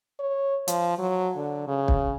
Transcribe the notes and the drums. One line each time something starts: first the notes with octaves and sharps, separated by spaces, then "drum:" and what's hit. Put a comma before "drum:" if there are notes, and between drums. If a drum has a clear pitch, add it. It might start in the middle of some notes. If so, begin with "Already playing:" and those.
C#5
F3, drum: hi-hat
F#3
D3
C#3
drum: kick